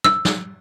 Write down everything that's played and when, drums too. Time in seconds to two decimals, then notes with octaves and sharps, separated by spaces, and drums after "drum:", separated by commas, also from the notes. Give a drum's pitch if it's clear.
0.04 E6, drum: tom
0.25 drum: snare